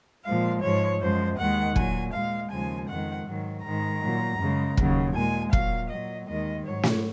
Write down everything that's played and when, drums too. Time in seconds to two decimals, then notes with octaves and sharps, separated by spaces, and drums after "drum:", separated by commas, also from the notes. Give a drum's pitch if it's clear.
0.25 A#2 F3 G#3 F5
0.62 G#2 F3 G#3 C#5
1.00 F#2 F3 G#3 C5
1.38 D#2 D#3 G#3 F#5
1.76 A#2 F#3 G#5, drum: kick
2.13 A#2 G#3 F5
2.51 D#2 C#3 F3 G#3 G#5
2.89 F2 D#3 G#3 F#5
3.26 G#2 D#3 F#3
3.65 G#2 D#3 G#3 A#5
4.02 A#2 F#3
4.39 F#2 C#3 G#3
4.77 D#2 C#3 F#3, drum: kick
5.15 A#2 G#3 G#5
5.53 A#2 F#3 F5, drum: kick
5.90 A#2 F#3 D#5
6.28 D#2 D#3 G#3 D#5
6.66 G#2 F#3 C#5
6.83 drum: snare